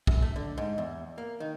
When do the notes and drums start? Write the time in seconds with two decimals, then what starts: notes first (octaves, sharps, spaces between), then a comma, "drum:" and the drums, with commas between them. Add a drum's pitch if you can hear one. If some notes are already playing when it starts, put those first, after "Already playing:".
0.07 F#2, drum: kick B1
0.22 A3
0.36 D3
0.58 G#2
0.78 E2
1.18 A#3
1.40 D#3